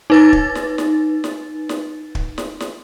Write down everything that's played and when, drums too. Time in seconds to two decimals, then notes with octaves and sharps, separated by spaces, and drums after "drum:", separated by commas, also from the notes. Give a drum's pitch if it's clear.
0.10 D#4 B4 A6
0.33 drum: kick
0.55 drum: snare
0.78 drum: snare
1.24 drum: snare
1.69 drum: snare
2.15 drum: kick
2.38 drum: snare
2.60 drum: snare